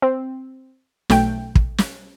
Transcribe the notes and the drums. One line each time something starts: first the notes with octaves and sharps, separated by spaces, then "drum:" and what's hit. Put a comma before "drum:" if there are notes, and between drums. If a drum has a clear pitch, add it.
C4
B1 A3 G5, drum: snare
drum: kick
drum: snare